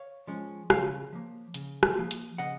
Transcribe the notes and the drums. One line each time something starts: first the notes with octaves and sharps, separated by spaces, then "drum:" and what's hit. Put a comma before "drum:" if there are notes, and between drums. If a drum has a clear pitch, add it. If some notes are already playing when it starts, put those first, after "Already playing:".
Already playing: C#5 F5
F3 G#3 C#4
C#3 C#5 F5, drum: rim click
F3 A#3
C#3, drum: hi-hat
drum: rim click
F3 A#3
drum: hi-hat
C#3 D#5 F#5